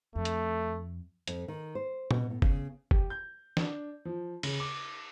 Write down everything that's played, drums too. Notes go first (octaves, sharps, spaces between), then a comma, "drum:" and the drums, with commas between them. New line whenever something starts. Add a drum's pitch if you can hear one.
F2 A3
drum: hi-hat
F2, drum: hi-hat
D#3
C5
B2, drum: tom A#2
A2
C#3, drum: kick F#1
G4, drum: kick F#1
G6
D4, drum: snare
F3
C#3, drum: cymbal
D6